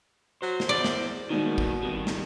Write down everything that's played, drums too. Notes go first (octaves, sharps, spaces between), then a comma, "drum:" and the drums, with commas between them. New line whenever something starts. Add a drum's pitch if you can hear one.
F#3 C5
drum: snare
E2 D5
drum: snare
B2 D#3 G3 G#3 A#3 D#4
drum: kick
G2 D#3 C4 G4
drum: snare